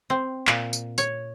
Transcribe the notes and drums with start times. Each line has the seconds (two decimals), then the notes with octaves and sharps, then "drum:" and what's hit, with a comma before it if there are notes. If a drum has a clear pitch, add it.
0.10 C4
0.47 A#2, drum: clap
0.73 drum: tambourine
0.98 C#5, drum: tambourine